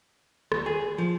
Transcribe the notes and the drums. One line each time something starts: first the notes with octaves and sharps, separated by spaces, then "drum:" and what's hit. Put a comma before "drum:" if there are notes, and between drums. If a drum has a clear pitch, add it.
D#2, drum: rim click
G#4
F3